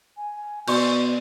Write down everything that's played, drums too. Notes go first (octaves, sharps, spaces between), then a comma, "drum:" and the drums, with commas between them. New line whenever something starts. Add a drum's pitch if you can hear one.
G#5
B2 D5 C6 C#6 G6, drum: cymbal